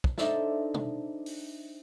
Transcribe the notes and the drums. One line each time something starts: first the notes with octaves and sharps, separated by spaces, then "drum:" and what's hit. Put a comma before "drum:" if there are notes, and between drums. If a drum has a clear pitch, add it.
drum: kick
D4 D#4 A4 C5 D5 E5, drum: snare
drum: tom
drum: open hi-hat